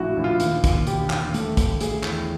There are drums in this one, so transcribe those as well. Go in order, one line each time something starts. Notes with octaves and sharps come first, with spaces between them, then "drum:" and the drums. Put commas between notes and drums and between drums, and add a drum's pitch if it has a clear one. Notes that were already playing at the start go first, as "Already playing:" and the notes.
Already playing: A#1 A2 E4 F#4
A#1
F4
D#2, drum: hi-hat
D#2, drum: kick, hi-hat
E1 G4, drum: hi-hat
D#2, drum: clap
A3, drum: hi-hat
A3, drum: kick, hi-hat
A3 G#4, drum: hi-hat
E2, drum: clap